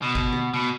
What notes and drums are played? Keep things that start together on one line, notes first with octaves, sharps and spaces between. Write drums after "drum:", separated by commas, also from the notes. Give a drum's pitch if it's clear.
B2
drum: kick G#1
drum: tom D3
B2